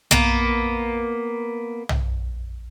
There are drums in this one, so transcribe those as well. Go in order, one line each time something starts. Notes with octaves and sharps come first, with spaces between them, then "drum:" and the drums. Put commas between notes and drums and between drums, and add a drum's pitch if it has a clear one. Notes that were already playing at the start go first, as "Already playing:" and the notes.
A#3 B3, drum: tom
drum: tom